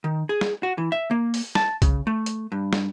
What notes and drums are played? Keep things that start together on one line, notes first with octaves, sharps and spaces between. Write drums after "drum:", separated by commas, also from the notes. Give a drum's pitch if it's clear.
D#3
G#4
drum: snare
F#4
E3
E5
A#3
drum: open hi-hat
A5, drum: snare
C#3, drum: kick C2, hi-hat
A3
drum: hi-hat
G2
drum: snare